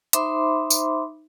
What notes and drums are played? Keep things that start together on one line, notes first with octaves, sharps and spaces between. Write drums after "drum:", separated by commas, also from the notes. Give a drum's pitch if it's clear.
D#4 C5 E5 B5 C6 D6, drum: hi-hat
drum: tambourine